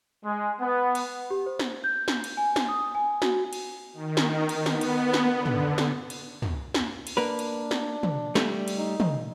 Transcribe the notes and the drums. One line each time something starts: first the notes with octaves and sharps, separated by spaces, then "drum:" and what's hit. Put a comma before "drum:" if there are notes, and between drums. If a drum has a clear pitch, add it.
G#3
B3
drum: cymbal
G4
C5
drum: snare
G6
drum: snare
drum: cymbal
G#5
drum: snare
D#6
G#5
F#4, drum: snare
drum: cymbal
D#3
drum: snare
drum: cymbal
B3, drum: snare
drum: cymbal
drum: snare
D3
drum: tom
drum: snare
drum: cymbal
drum: tom
drum: snare
drum: cymbal
A#3 D4 A#4 B4
drum: cymbal
drum: snare
drum: tom
G3 A3, drum: snare
drum: cymbal
D#4
drum: tom